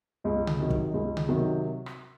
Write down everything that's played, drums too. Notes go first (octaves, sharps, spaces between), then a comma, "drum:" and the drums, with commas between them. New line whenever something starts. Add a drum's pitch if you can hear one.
C#2 D#5
drum: tom C3
C3 D#3 F#3
drum: kick
C#2
drum: tom C3
C3 D#3 F#3
drum: rim click